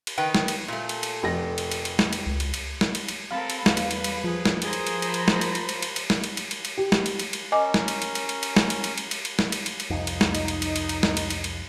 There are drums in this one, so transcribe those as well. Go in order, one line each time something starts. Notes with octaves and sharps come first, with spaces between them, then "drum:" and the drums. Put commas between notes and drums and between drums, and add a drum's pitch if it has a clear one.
drum: cymbal
D#3 B4 G5
drum: snare
drum: cymbal
A#2 A3
drum: cymbal
drum: cymbal
F1 A#6
drum: cymbal
drum: cymbal
drum: cymbal
drum: snare
drum: cymbal
C#2
drum: cymbal
drum: cymbal
drum: snare
drum: cymbal
drum: cymbal
C4 A4 A#4 F5 B5
drum: cymbal
E2 G3 B4, drum: snare
drum: cymbal
drum: cymbal
drum: cymbal
F3 G#4
drum: snare
G#4 A#4 C5, drum: cymbal
drum: cymbal
drum: cymbal
A5 B5, drum: cymbal
drum: cymbal
drum: snare
drum: cymbal
drum: cymbal
drum: cymbal
drum: cymbal
drum: cymbal
drum: snare
drum: cymbal
drum: cymbal
drum: cymbal
drum: cymbal
G4
drum: snare
drum: cymbal
drum: cymbal
drum: cymbal
C#4 A#4 D#5 G#5 D6
drum: snare
drum: cymbal
drum: cymbal
drum: cymbal
drum: cymbal
drum: cymbal
drum: snare
drum: cymbal
drum: cymbal
drum: cymbal
drum: cymbal
drum: cymbal
drum: snare
drum: cymbal
drum: cymbal
drum: cymbal
C2 F2 D#4
drum: cymbal
drum: snare
drum: cymbal
drum: cymbal
drum: cymbal
drum: cymbal
drum: cymbal
drum: snare
drum: cymbal
drum: cymbal
drum: cymbal